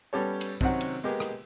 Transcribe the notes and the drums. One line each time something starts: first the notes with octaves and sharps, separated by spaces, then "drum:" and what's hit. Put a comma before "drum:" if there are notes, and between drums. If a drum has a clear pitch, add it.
G3 B3 C#4 G4 A4 C#5
drum: cymbal
C3 D#3 F#3 C4 C#4 F#5, drum: kick
drum: cymbal
G#3 A#3 B3 G4 G#4
drum: rim click